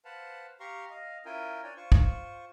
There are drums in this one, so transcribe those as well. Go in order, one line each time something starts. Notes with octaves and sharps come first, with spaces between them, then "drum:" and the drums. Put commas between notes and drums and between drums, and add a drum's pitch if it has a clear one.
B4 C5 F5 F#5 A5
G4 F5 A#5 C6 C#6
D#5 F5
C#4 E4 F4 A#4 G5 G#5
D4 C#5 D5 G5 G#5
F4 C5 C#6
drum: kick